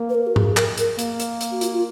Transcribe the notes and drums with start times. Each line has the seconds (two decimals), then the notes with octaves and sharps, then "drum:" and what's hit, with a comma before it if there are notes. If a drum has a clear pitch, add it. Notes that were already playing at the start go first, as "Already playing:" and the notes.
Already playing: A#3
0.09 B4
0.15 A#4
0.27 F#4
0.36 G#4, drum: tom G#2
0.57 A#4, drum: clap
0.78 drum: hi-hat
0.99 A#3, drum: hi-hat
1.20 drum: hi-hat
1.41 drum: hi-hat
1.52 F#4
1.61 F4, drum: hi-hat
1.72 F4